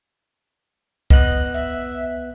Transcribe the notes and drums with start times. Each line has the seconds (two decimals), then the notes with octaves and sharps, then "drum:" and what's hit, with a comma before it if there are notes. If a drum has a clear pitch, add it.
1.10 B3 D#5 F#6, drum: kick C2
1.54 E5